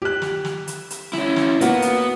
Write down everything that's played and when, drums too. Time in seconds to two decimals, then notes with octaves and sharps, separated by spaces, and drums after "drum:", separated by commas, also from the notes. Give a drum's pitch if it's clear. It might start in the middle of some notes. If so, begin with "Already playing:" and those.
0.02 G4 F#6
0.22 drum: snare
0.45 drum: snare
0.68 drum: hi-hat
0.90 drum: hi-hat
1.13 C#4 E4, drum: snare
1.36 drum: snare
1.61 A#3 B3 F#4, drum: hi-hat
1.82 drum: hi-hat